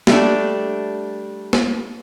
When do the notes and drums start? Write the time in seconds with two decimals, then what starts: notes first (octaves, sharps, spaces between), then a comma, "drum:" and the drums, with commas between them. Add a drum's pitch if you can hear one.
0.07 G3 A3 D4, drum: snare A#3
1.53 drum: snare A#3